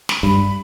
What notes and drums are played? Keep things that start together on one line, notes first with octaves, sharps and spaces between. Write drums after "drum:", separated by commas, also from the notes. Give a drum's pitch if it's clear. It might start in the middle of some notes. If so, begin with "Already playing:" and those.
drum: snare
G2 B5